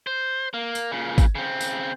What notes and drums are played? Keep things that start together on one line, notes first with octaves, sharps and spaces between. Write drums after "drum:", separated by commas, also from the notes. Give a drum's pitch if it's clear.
C5
A#3
drum: tambourine
A#2 C#3
drum: kick, tambourine
C#3 C4
drum: tambourine